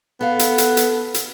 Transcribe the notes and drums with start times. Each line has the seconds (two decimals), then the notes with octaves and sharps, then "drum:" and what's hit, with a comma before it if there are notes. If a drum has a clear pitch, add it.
0.21 B3 A4 F5
0.39 drum: hi-hat
0.58 drum: hi-hat
0.77 drum: hi-hat
1.14 drum: hi-hat